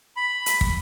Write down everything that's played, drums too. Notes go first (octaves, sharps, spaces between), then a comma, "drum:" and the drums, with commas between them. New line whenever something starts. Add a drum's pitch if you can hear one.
B5
drum: hi-hat
drum: kick